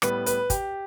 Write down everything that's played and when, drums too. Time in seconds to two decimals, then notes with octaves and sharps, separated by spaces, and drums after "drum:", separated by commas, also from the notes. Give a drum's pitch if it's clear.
0.02 A2 G3 B3 B4, drum: rim click
0.26 B4, drum: hi-hat
0.50 G4, drum: kick, hi-hat